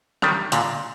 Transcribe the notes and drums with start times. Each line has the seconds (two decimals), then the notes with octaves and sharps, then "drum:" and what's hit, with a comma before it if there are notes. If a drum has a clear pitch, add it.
0.22 D#3 G3, drum: rim click
0.52 A#2 D3, drum: hi-hat